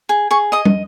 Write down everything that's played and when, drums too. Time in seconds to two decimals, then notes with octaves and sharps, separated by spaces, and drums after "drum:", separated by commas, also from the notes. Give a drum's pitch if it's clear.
0.09 G#4
0.31 G#4 C#6
0.52 D#5 D#6
0.65 drum: tom